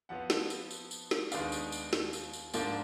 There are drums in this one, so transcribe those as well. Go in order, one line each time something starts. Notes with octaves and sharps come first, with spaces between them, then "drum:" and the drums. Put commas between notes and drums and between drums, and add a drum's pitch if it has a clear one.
F2 F3 B3 F#5
drum: snare
drum: tambourine
drum: tambourine
drum: tambourine
drum: snare
D#2 D#3 G#3 B3 D4 F5, drum: tambourine
drum: tambourine
drum: tambourine
drum: snare
drum: tambourine
drum: tambourine
G#2 F3 A#3 D4, drum: tambourine